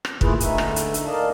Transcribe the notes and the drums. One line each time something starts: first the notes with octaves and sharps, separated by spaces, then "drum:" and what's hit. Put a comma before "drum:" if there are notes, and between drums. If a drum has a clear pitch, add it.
drum: rim click
A3 A#3 E4 F4 G#4 B4, drum: kick
D3 A3 D#4 E5 G#5, drum: hi-hat
drum: rim click
drum: hi-hat
drum: hi-hat
A#4 D5 D#5 F5 A5